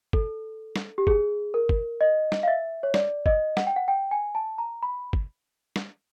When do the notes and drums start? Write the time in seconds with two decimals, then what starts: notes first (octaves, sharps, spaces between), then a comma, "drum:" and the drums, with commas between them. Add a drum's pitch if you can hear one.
0.13 A4, drum: kick G1
0.76 drum: snare
0.98 G4
1.07 G#4, drum: kick G1
1.54 A#4
1.69 drum: kick G1
2.01 D#5
2.32 drum: snare
2.43 F5
2.48 E5
2.83 C#5
2.94 D5, drum: snare
3.26 D#5, drum: kick G1
3.57 F#5, drum: snare
3.67 G5
3.76 F#5
3.88 G5
4.11 G#5
4.35 A5
4.58 A#5
4.83 B5
5.13 drum: kick G1
5.76 drum: snare